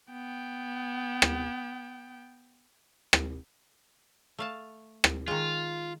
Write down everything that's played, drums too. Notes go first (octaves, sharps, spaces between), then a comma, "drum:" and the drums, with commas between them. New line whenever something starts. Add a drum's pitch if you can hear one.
B3 G5
drum: rim click
drum: rim click
A3 F5 A5
drum: rim click
D#3 G#3 F4